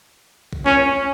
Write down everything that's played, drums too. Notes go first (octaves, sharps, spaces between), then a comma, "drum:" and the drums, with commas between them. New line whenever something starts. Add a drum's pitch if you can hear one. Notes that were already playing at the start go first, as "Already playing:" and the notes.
drum: kick
C#4, drum: snare